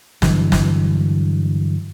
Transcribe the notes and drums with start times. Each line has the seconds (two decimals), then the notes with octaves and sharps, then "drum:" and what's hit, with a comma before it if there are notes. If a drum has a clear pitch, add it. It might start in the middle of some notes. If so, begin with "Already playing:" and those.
0.22 G2 D3 E3 F#3, drum: snare
0.52 drum: snare